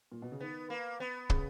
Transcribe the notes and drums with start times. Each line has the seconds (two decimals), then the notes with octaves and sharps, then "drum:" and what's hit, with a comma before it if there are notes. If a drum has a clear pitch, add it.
0.12 A#2
0.22 B2
0.32 C#3
0.40 D#3 B3
0.70 A#3
1.00 B3
1.30 C#3, drum: kick